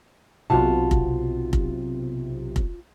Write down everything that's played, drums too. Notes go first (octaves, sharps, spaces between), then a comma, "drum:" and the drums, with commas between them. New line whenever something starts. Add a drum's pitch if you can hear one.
B1 C3 F4 F#4 A5
drum: kick F1
drum: kick F1
drum: kick F1